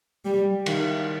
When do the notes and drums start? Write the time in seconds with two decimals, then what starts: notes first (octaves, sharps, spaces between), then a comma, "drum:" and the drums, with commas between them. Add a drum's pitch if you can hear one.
0.25 G3
0.66 D#3, drum: cymbal